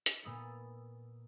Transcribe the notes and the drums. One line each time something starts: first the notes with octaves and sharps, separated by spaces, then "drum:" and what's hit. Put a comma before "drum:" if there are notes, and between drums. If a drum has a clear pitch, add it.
drum: hi-hat
A#2 B3 D#6 E6 A6